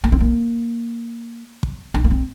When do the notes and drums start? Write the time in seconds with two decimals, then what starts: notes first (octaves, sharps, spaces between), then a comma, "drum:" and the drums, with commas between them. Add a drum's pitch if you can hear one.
0.04 A#3, drum: tom B1
0.12 C4
0.20 A#3
1.63 drum: kick
1.94 D4, drum: tom B1
2.04 A#3
2.10 C4